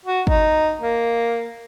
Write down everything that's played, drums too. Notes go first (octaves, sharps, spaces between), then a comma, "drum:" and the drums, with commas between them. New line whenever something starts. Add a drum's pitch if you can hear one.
F#4
D#4, drum: kick
A#3